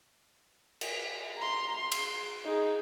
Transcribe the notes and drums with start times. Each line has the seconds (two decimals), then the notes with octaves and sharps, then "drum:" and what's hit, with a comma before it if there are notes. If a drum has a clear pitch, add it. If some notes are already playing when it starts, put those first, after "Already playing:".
0.81 drum: cymbal
1.37 A#5 C6
1.76 C6
1.92 drum: cymbal
2.44 D#4 G#4